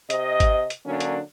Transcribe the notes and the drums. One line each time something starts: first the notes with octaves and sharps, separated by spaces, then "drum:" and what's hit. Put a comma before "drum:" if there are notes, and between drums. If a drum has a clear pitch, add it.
C3 C5 D#5, drum: hi-hat
drum: kick, hi-hat
drum: hi-hat
D3 F#3 A#3 C#4 D4
drum: hi-hat